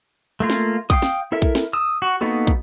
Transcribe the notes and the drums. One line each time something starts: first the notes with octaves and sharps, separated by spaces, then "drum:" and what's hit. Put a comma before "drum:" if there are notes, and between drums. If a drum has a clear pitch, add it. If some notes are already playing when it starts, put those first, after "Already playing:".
A3 A#3 F4
drum: snare
F5 G5 D#6, drum: kick
drum: snare
E4 A4 A#4 E5
drum: kick
drum: snare
D#6 E6
F#4
A#3 B3 D#4 F#4 A4
drum: kick